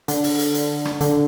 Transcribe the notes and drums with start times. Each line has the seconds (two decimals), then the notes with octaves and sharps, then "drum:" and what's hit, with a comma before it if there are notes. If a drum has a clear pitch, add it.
0.08 D3, drum: hi-hat
0.24 drum: open hi-hat
0.39 drum: hi-hat
0.55 drum: hi-hat
0.85 drum: rim click
1.01 D3, drum: hi-hat